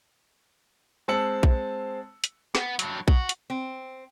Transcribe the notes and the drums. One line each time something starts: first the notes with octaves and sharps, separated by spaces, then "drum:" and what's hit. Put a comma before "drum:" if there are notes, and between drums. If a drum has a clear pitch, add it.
G#3 C4 A5 E6 C#7 F#7
drum: kick A#1
drum: hi-hat
B3, drum: snare
G2 F#3, drum: hi-hat
F#4, drum: kick A#1
drum: hi-hat
C4